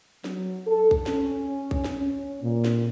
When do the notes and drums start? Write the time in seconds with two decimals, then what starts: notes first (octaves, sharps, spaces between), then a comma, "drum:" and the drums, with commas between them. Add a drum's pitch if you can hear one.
0.24 F#3, drum: snare
0.66 A4
0.91 drum: kick B1
1.06 C#4, drum: snare
1.71 drum: kick B1
1.84 drum: snare
1.99 C#4
2.43 A#2
2.65 drum: snare